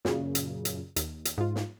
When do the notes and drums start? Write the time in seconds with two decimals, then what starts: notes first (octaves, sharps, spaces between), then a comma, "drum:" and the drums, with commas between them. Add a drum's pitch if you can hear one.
0.05 F#2 A#2 C#3, drum: snare
0.35 drum: hi-hat
0.65 drum: hi-hat
0.96 D#2, drum: hi-hat
1.25 drum: hi-hat
1.38 G#2 F4
1.55 drum: snare